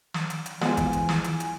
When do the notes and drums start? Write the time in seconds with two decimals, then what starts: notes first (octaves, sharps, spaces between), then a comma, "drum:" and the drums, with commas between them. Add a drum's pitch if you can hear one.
0.14 drum: snare
0.30 drum: hi-hat
0.46 drum: hi-hat
0.61 E3 G#3 B3 F4 C5 G#5, drum: snare
0.77 drum: kick G#1, hi-hat
0.93 drum: hi-hat
1.09 drum: snare
1.24 drum: hi-hat
1.40 drum: hi-hat